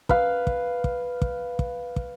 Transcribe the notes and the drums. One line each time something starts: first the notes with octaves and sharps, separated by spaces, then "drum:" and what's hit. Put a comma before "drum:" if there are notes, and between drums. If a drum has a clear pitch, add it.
B4 F5, drum: kick
drum: kick
drum: kick
drum: kick
drum: kick
drum: kick